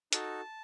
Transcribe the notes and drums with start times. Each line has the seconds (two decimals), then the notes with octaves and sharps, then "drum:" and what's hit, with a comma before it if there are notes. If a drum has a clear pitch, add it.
0.13 D#4 F#4 A4 A5, drum: hi-hat